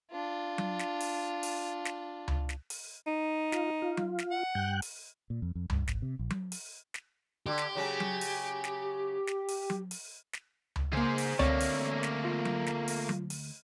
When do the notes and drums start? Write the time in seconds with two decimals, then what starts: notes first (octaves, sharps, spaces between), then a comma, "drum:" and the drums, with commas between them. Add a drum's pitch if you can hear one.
0.11 D4 F4
0.58 drum: tom F#3
0.79 drum: snare
1.00 drum: open hi-hat
1.43 drum: open hi-hat
1.85 drum: snare
2.28 drum: tom C#2
2.49 drum: snare
2.70 drum: open hi-hat
3.07 D#4
3.52 F4, drum: snare
3.82 F4
3.97 drum: tom F#3
4.18 drum: snare
4.31 F#5
4.55 G2 G5 F#6
4.82 drum: open hi-hat
5.30 A#2
5.42 F2
5.55 F2
5.70 G2, drum: tom C#2
5.88 G#1, drum: snare
6.02 C3
6.19 A#1
6.30 drum: tom F#3
6.52 drum: open hi-hat
6.94 drum: snare
7.46 D3 G4
7.58 drum: snare
7.75 C#3 F#3 C#4
8.00 drum: tom F#3
8.21 drum: open hi-hat
8.64 drum: snare
9.27 drum: snare
9.48 drum: open hi-hat
9.70 drum: tom F#3
9.91 drum: open hi-hat
10.33 drum: snare
10.76 drum: tom C#2
10.93 C#3 A#3 G#4 C5
11.18 drum: open hi-hat
11.39 D2 A3 A#3 C4 C#5 D5, drum: tom C#2
11.60 drum: open hi-hat
12.03 drum: snare
12.25 F4
12.45 drum: tom F#3
12.66 drum: snare
12.88 drum: open hi-hat
13.09 drum: tom F#3
13.30 drum: open hi-hat